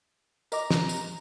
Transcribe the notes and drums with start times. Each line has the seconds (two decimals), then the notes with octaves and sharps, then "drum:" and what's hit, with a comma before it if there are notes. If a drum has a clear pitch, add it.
0.52 A#4 D#5 A#5 D6, drum: tambourine
0.70 drum: snare
0.89 drum: tambourine